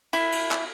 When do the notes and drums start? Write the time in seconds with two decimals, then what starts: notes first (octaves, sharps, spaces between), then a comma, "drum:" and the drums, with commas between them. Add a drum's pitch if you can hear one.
0.13 E4, drum: cymbal
0.32 drum: cymbal
0.51 drum: clap